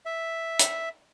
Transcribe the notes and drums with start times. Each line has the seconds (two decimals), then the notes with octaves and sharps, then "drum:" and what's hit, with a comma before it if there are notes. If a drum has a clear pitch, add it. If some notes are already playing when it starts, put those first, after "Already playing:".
0.06 E5
0.59 drum: hi-hat